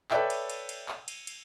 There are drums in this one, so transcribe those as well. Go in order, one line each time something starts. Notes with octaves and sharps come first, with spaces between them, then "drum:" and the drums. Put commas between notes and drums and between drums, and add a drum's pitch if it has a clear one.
A4 B4 C#5 D5 E5 G5, drum: clap
drum: cymbal
drum: cymbal
drum: cymbal
drum: clap
drum: cymbal
drum: cymbal